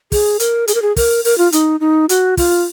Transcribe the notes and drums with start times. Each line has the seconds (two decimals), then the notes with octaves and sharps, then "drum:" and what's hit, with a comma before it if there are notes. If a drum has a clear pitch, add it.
0.12 G#4, drum: kick, open hi-hat
0.40 A#4, drum: hi-hat
0.68 G#4, drum: hi-hat
0.75 A#4
0.82 G#4
0.96 A#4, drum: kick, open hi-hat
1.25 A#4, drum: open hi-hat
1.38 F4
1.52 D#4, drum: hi-hat
1.80 D#4
2.09 F#4, drum: hi-hat
2.37 F4, drum: kick, open hi-hat